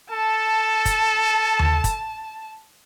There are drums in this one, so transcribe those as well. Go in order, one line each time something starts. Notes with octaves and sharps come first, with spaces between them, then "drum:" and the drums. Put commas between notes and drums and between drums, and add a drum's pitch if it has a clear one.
A4 A5
drum: kick, hi-hat
drum: tom D#2
drum: kick, hi-hat